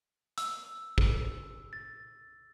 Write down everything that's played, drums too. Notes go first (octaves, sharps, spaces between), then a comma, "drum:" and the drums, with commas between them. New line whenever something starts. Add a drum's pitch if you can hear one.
E6, drum: hi-hat
drum: kick
A6